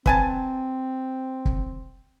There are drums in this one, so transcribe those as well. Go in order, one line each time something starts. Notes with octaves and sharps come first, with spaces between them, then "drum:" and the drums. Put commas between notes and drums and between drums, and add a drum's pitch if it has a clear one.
C4 B4 G#5 A5, drum: kick
drum: kick